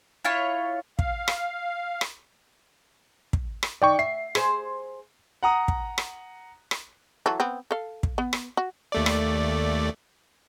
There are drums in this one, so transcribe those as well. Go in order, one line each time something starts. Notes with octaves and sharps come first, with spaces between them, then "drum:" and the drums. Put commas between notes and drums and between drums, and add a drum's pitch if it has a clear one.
E4 F4 C#5
F5, drum: kick
drum: rim click
drum: rim click
drum: kick
drum: rim click
D#3 D5 G5 C#6
E5 C7
G#4 C5, drum: rim click
F#5 A#5 D#6
drum: kick
drum: rim click
drum: rim click
E3 F#3 A4
B3 C4
A4 F5
drum: kick
B3
drum: rim click
F#4
D#2 A3 D5
drum: rim click